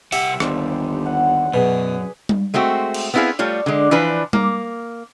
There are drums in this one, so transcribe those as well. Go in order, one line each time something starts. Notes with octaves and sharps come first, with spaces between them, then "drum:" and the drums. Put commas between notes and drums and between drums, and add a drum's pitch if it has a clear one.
C2 G4 E5 F#5, drum: open hi-hat
G1 D#2 C5 D5, drum: rim click
F#5
F#2 B2 G#4 B4
drum: tom G3
G#3 A3 C4 F#4
drum: cymbal
B3 C4 E4 G#4 F5
G3 A3 F4 C#5
D3 G#3
E3 F3 D4 F4 B4
A#3, drum: tom G3